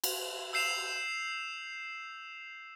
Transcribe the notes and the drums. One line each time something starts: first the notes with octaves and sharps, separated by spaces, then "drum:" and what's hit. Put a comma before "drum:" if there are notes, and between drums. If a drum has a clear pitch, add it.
drum: cymbal
E6 G6 C7 E7 F7